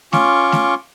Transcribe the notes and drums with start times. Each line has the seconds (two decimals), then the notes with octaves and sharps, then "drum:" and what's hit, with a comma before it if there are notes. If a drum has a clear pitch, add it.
0.13 C#4 F4 C#6 D6, drum: snare A3
0.52 drum: snare A3